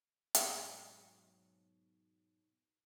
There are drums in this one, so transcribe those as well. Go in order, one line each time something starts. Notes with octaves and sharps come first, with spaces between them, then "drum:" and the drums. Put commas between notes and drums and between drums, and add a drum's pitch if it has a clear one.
G#2 B2 F#3, drum: hi-hat